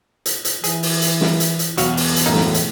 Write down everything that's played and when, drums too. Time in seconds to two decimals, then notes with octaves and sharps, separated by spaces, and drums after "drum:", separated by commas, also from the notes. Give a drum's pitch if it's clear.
0.26 drum: hi-hat
0.45 drum: hi-hat
0.64 E3 G#4, drum: hi-hat
0.83 drum: open hi-hat
1.02 drum: hi-hat
1.21 drum: snare
1.40 drum: hi-hat
1.59 drum: hi-hat
1.78 E2 B2 F#3 F#4 F5, drum: hi-hat
1.97 drum: open hi-hat
2.16 drum: hi-hat
2.26 F#2 A2 A#3 D#4
2.35 drum: snare
2.54 drum: hi-hat